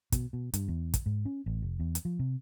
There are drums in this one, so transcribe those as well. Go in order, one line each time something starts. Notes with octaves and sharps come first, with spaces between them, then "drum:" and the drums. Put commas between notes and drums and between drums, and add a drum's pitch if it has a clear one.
B2, drum: kick, hi-hat
B2
G2, drum: hi-hat
E2
drum: kick, hi-hat
G#2
C#4
A1
F1
E2
drum: hi-hat
F3
C3